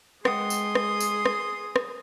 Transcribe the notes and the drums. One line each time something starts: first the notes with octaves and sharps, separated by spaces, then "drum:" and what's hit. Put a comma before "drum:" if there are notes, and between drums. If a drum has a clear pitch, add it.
G#3 G#4 F#5 G5 C6 D#6, drum: rim click
drum: tambourine
drum: rim click
drum: tambourine
drum: rim click
drum: rim click